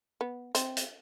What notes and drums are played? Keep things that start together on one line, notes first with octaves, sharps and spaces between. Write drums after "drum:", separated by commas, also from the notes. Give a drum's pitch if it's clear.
B3
C4, drum: hi-hat
drum: hi-hat